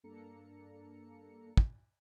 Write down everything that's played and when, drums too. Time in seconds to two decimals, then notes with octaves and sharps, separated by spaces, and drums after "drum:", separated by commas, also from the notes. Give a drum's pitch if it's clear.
0.04 G2 A#3 D4 A4 A#5 C#7
1.57 drum: kick